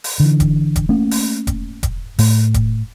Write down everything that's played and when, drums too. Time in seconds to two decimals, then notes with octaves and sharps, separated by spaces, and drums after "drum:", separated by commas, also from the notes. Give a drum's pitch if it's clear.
0.04 drum: open hi-hat
0.20 D3 E3
0.40 drum: kick E1, hi-hat
0.76 drum: kick E1, hi-hat
0.89 A3 A#3 C#4
1.11 drum: open hi-hat
1.47 drum: kick E1, hi-hat
1.83 drum: kick E1, hi-hat
2.19 A2 A3, drum: open hi-hat
2.54 drum: kick E1, hi-hat